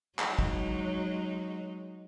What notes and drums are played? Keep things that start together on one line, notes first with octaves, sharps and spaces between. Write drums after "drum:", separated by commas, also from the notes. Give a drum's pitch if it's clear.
F#3 G#3 D#4, drum: clap
drum: kick